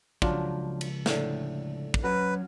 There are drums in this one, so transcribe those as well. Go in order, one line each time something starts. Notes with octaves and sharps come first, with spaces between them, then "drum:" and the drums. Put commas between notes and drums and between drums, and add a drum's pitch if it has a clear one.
C#2 F3 F#3 D4 F4, drum: kick
drum: cymbal
A2 D3, drum: snare
drum: kick
F#3 C#4 F#4 B4